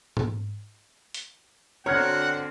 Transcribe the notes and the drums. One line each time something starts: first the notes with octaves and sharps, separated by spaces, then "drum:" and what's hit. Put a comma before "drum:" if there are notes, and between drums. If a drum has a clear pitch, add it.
drum: tom G#2
drum: hi-hat
D3 C4 F#4 C#5 F#5 A#5 F6 G#6